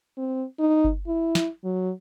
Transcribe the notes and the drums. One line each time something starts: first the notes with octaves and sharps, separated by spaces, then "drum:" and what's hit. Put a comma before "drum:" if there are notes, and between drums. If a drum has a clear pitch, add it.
C4
D#4
drum: kick G1
E4
drum: snare
F#3